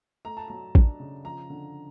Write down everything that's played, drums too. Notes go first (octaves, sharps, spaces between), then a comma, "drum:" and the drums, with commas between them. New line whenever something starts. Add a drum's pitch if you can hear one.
A3 A#5
A5
F#3 A#5
D4, drum: kick A1
C#3
F3 A#5
D3